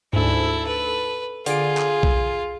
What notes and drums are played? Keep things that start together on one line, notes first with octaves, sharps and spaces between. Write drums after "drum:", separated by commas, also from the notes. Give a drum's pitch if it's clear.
D2 G#2 E4 A4
B4
D3 F4 G#4 D7, drum: hi-hat
drum: clap
drum: kick B1